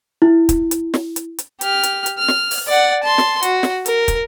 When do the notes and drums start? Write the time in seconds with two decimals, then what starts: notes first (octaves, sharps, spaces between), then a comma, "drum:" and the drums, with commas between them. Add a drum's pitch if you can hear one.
0.22 E4
0.49 drum: kick, hi-hat
0.71 drum: hi-hat
0.94 drum: snare
1.16 drum: hi-hat
1.39 drum: hi-hat
1.61 G4 F6, drum: hi-hat
1.83 drum: hi-hat
2.06 drum: hi-hat
2.18 F6
2.28 drum: snare
2.51 drum: open hi-hat
2.67 D5 F#5
3.04 A5 C6
3.18 drum: snare
3.43 F#4, drum: hi-hat
3.63 drum: snare
3.86 A#4, drum: hi-hat
4.08 drum: kick, hi-hat